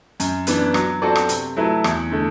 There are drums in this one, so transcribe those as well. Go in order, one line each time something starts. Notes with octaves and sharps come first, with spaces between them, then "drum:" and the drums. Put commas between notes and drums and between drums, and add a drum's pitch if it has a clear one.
F#2, drum: hi-hat
E3 B3 D4, drum: hi-hat
F#3, drum: rim click
C4 F#4 A4 D5
drum: rim click
C3, drum: hi-hat
F#3 A3 E4 B4
E2, drum: rim click
D3 A3